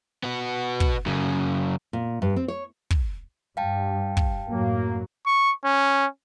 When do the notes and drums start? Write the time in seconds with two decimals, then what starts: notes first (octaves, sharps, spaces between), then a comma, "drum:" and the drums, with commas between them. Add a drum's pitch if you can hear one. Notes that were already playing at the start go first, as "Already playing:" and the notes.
0.24 B3 F#4
0.80 drum: kick
1.06 F#2 C#3
1.93 A#2
2.22 G2
2.36 C4
2.48 C#5
2.90 drum: kick
3.57 G2 F5 G5 A5
4.17 drum: kick
4.48 F#2 A2 F#3 A#3
5.26 C#6
5.65 C#4